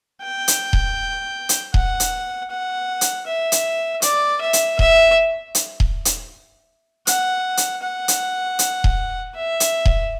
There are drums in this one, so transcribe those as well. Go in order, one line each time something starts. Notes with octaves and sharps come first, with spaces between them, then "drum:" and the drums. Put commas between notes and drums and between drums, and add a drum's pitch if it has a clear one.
G5
drum: hi-hat
drum: kick D#1
drum: hi-hat
F#5, drum: kick D#1
drum: hi-hat
F#5
drum: hi-hat
E5
drum: hi-hat
D5, drum: hi-hat
E5
drum: hi-hat
E5, drum: kick D#1
drum: hi-hat
drum: kick D#1
drum: hi-hat
F#5, drum: hi-hat
drum: hi-hat
F#5
drum: hi-hat
drum: hi-hat
drum: kick D#1
E5
drum: hi-hat
drum: kick D#1